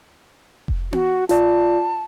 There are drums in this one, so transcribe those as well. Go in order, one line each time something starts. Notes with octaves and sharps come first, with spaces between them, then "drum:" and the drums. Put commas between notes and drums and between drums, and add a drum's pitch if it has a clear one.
drum: kick F1
F#4, drum: tom B3
F4 D5 A5, drum: hi-hat